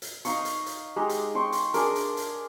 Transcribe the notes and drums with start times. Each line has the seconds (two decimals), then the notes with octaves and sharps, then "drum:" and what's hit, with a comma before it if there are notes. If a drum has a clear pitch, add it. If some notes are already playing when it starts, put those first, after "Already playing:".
0.02 drum: hi-hat
0.25 D#4 F5 C#6, drum: hi-hat
0.45 drum: hi-hat
0.66 drum: hi-hat
0.96 G#3 D#4 G4
1.09 drum: hi-hat
1.35 G5 C6 C#6
1.52 drum: hi-hat
1.74 D4 G#4 A#4, drum: hi-hat
1.95 drum: hi-hat
2.17 drum: hi-hat